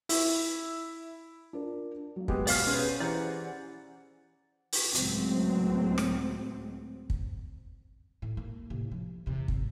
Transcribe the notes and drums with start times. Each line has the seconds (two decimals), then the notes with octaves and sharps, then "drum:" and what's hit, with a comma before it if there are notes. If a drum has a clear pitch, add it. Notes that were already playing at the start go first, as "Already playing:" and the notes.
0.09 E4, drum: open hi-hat
1.53 D4 F4 A#4
2.16 F#3 A#3
2.28 G#3 B3 G4, drum: kick
2.47 B2 D5 F5 F6, drum: open hi-hat
2.67 C#4 G#4 B4 C5 C6 G#6 A6
3.00 E3 G4 G#4 C5 D5 F#5 A#5 G6
4.72 drum: open hi-hat
4.95 C#2 A2 F#3 G#3 C4, drum: hi-hat
5.98 drum: rim click
7.10 drum: kick
8.22 A2
8.37 A#3
8.70 A2 C3
8.92 F3
9.26 E2 C3
9.48 G#1, drum: kick